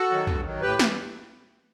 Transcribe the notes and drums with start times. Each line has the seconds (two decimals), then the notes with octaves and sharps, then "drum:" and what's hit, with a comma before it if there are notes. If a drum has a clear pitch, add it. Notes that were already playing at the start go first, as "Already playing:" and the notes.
Already playing: F#4 A4
0.10 D#3 F#3
0.27 G2, drum: tom
0.44 D#3 F#3
0.62 A2 G4 B4
0.79 E3, drum: snare